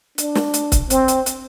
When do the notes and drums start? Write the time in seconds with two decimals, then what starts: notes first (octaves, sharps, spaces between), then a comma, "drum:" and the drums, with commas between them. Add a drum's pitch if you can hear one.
0.18 D4, drum: hi-hat
0.35 drum: snare
0.54 drum: hi-hat
0.72 drum: kick, hi-hat
0.90 C4, drum: hi-hat
1.08 drum: hi-hat
1.26 drum: hi-hat